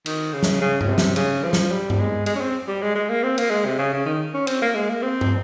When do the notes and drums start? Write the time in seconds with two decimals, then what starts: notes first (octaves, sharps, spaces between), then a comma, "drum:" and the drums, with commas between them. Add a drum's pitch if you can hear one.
0.06 D#3, drum: cymbal
0.33 C#3
0.43 drum: snare
0.61 C#3
0.81 C#3, drum: tom G2
0.88 C3
0.98 drum: snare
1.16 C#3, drum: cymbal
1.43 F3
1.53 drum: snare
1.71 G3
1.90 drum: tom G2
1.99 G#3
2.26 G#3, drum: cymbal
2.36 C#4
2.41 C4
2.68 G3
2.82 G#3
2.95 G#3
3.10 A#3
3.23 C4
3.38 A#3, drum: cymbal
3.51 G#3
3.65 C3
3.79 C#3
3.93 C#3
4.06 D#3
4.34 C#4
4.47 C4, drum: cymbal
4.62 A#3
4.75 G#3
4.90 A#3
5.03 C4
5.21 drum: tom